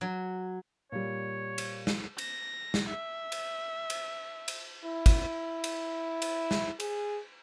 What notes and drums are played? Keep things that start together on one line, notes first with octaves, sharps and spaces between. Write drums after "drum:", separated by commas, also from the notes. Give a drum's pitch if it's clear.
F#3
A#2 G3 C#5
drum: cymbal
drum: snare
A#6, drum: cymbal
drum: snare
E5
drum: cymbal
drum: cymbal
drum: cymbal
E4
drum: kick, cymbal
drum: cymbal
drum: cymbal
drum: snare
G#4, drum: cymbal